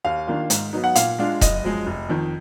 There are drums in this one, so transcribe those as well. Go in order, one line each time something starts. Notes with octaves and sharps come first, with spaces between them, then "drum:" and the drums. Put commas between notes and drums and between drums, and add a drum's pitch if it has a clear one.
D#2 F5
D#3 A#3 D4 F4
G#2, drum: hi-hat
F#3 B3 D#4
F#5
A#2 F5, drum: hi-hat
G#3 D4 F4
F#1 D#5, drum: kick E1, hi-hat
F#2 F3 G#3
F1
F2 D#3